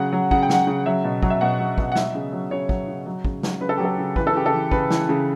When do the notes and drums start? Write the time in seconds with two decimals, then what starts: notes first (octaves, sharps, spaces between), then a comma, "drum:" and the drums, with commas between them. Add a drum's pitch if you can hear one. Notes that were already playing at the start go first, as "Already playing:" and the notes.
Already playing: C#3 F#3 F#5
0.13 F#3
0.31 C#3 F#5, drum: kick
0.42 G5
0.50 F#3 F#5, drum: snare
0.67 C#3
0.86 F#3 E5
1.04 B2
1.23 F#3, drum: kick
1.30 E5
1.41 B2 F#5
1.59 F#3
1.78 B2, drum: kick
1.92 F#5
1.96 F#3 E5, drum: snare
2.15 C#3
2.33 F#3
2.51 C#3 C#5
2.69 F#3, drum: kick
2.88 C#3
3.06 F#3
3.25 C#3, drum: kick
3.43 F#3, drum: snare
3.61 C#3 B4
3.69 A4
3.77 F#3 G4
3.85 A4
3.98 C#3
4.16 E3 B4, drum: kick
4.27 A4
4.35 C#3 G4
4.46 A4
4.53 E3
4.71 C#3 B4, drum: kick
4.90 E3, drum: snare
5.09 C#3